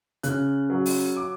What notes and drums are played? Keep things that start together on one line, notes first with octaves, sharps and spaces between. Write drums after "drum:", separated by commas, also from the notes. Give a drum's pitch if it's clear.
C#3 F#6, drum: hi-hat
F#3
drum: open hi-hat
D6